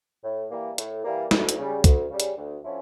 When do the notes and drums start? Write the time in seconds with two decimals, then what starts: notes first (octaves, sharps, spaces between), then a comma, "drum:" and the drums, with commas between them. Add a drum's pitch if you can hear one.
0.24 A2
0.51 E3 G3 A#3
0.78 A2, drum: hi-hat
1.04 E3 G3 A#3
1.31 D2, drum: snare
1.49 drum: hi-hat
1.58 C#3 G3
1.84 D2, drum: kick C2, hi-hat
2.10 C#3 G3
2.20 drum: hi-hat
2.37 D2
2.64 D3 F3 C#4 E4